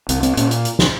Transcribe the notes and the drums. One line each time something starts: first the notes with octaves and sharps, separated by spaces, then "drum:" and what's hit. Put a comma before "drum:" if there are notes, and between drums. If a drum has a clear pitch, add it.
C2 C4, drum: hi-hat
C4, drum: hi-hat
A#2 C#4, drum: hi-hat
drum: hi-hat
drum: hi-hat
drum: snare